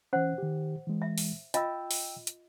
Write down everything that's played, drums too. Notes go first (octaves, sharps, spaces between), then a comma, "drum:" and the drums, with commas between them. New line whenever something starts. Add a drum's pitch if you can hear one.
E3 C#4 C5 F#5
D#3 G4
E3 G#3
E5
drum: open hi-hat
F4 D#5 F5 G5 E6, drum: hi-hat
drum: open hi-hat
drum: hi-hat